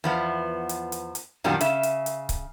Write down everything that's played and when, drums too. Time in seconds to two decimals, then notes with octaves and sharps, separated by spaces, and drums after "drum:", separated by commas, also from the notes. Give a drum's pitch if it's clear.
0.04 E2 F3 B3
0.69 drum: hi-hat
0.92 drum: hi-hat
1.15 drum: hi-hat
1.44 F#2 A#2 D#3 G3 D4 F#4
1.61 C#3 E5, drum: hi-hat
1.83 drum: hi-hat
2.06 drum: hi-hat
2.29 drum: kick C#1, hi-hat